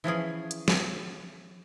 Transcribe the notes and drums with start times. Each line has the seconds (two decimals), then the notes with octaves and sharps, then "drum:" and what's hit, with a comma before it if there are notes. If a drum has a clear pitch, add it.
0.04 E3 F3 C#4 G#4
0.51 drum: hi-hat
0.68 drum: snare